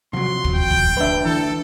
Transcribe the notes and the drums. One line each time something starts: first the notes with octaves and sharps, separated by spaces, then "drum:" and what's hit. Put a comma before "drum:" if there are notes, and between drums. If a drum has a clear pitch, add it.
F2 C3 F#3 C6
drum: kick
G5
drum: kick
D2 D4 B4 E5
E3 A4